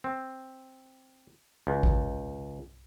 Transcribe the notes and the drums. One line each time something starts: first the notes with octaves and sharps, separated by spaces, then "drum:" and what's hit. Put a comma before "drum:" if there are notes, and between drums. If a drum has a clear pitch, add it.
C4
C#2
drum: kick A1